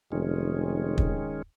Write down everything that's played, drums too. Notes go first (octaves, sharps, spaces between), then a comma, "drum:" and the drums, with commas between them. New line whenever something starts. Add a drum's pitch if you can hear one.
F1 D#3 G#3 C#4
drum: kick